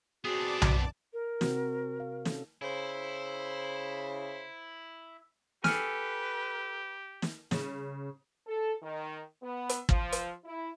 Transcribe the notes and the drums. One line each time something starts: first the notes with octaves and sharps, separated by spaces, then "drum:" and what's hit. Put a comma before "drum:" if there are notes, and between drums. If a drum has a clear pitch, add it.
B3 C4 F#4 G#4 D5 A5 D6
drum: tom B1
A#4
C3 C4 F#4, drum: snare
F5
C#4 A4, drum: snare
C#3 E4 C5
G4 A4 B4 G#5 F6, drum: snare
drum: snare
C#3, drum: snare
A4
D#3
B3
drum: hi-hat
F3, drum: kick
drum: hi-hat
E4